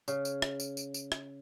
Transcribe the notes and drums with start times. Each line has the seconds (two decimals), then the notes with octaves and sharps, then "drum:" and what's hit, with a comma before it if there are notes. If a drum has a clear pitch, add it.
0.08 C#3, drum: tambourine
0.25 drum: tambourine
0.42 drum: rim click
0.60 drum: tambourine
0.77 drum: tambourine
0.94 drum: tambourine
1.12 drum: rim click